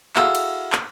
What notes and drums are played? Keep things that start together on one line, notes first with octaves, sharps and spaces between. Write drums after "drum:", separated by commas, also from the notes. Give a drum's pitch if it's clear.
E4 F#4 G#4 A4 F5, drum: clap
drum: cymbal
drum: clap